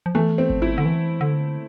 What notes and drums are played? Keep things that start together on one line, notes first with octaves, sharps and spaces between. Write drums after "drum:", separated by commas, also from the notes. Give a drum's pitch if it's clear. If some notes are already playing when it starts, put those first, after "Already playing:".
F3
E3 A3
C4
F3, drum: kick G#1
E4
D3
E3
D3